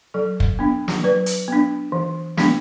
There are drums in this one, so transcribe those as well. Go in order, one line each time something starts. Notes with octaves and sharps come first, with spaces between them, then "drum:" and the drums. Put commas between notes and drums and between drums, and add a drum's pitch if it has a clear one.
F#3 A4
drum: kick
B3 D4
drum: snare
F#3 B4
drum: hi-hat
B3 D4
E3
G#3 B3 D4, drum: snare